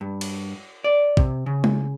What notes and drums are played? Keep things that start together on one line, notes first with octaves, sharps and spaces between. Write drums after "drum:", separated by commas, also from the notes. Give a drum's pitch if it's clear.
G2
drum: cymbal
D5
C3, drum: kick
C#3
drum: tom G#3